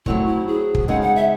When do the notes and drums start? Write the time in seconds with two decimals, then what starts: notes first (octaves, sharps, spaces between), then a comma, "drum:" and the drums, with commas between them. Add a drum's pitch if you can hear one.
0.06 F#3 A3 C4 E4 F#4 C#5, drum: kick
0.26 E4
0.47 G#4
0.75 drum: kick
0.88 C#3 G#3 C4 D#4 G#4 F#5
1.02 F#5
1.16 E5